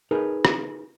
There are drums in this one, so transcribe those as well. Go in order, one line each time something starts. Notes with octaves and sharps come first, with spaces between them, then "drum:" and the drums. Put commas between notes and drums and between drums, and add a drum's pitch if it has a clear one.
D#4 G#4 A#4 B4
drum: rim click